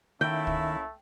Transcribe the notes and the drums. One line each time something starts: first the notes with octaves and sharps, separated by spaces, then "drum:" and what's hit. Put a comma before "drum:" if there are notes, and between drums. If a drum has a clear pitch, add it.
D#3 A3 A#3 C#4 E4 E5 G5
drum: kick